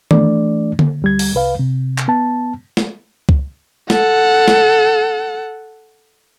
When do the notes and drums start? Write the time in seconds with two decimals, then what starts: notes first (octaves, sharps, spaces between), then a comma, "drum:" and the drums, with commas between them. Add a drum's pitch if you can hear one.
0.11 E3 A3 D4 D5, drum: tom D#3
0.79 drum: tom D3
1.02 D2 G3 G#6
1.19 drum: open hi-hat
1.35 C2 B4 F5
1.59 C3
1.98 drum: clap
2.08 B3 A5
2.77 drum: snare
3.29 drum: kick
3.90 A4 F#5, drum: snare
4.48 drum: snare